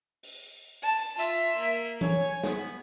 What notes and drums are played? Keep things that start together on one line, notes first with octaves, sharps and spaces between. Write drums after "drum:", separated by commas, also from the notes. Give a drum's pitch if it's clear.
drum: open hi-hat
A5
F4 E5, drum: hi-hat
A#3
C#5 G#5, drum: tom E3
B3, drum: snare